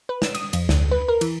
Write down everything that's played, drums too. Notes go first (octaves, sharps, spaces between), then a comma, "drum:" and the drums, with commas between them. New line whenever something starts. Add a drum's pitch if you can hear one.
B4
E7, drum: snare
D#6, drum: cymbal
F2, drum: cymbal
D2, drum: snare
B4
A#4
E3, drum: cymbal